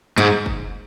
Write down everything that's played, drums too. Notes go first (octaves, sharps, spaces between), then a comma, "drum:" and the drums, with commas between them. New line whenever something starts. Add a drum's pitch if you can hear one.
G#2, drum: hi-hat
drum: kick F#1